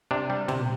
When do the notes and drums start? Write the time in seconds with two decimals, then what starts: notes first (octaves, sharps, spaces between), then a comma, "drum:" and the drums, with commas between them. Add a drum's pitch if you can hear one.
0.11 C3 D4
0.30 G3
0.48 C3, drum: tom